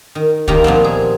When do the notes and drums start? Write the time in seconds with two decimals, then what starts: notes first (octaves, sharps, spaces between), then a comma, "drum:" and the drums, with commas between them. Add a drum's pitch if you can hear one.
0.15 D#3
0.48 D#3 A#3 F4 G4, drum: kick C2
0.64 A#2 F3 B3 C4
0.84 G#4